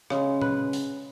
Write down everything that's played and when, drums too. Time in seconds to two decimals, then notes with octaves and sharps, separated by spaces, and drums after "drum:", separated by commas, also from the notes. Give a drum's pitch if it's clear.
0.10 C#3 G#3, drum: rim click
0.41 B4, drum: tom A#2
0.73 drum: open hi-hat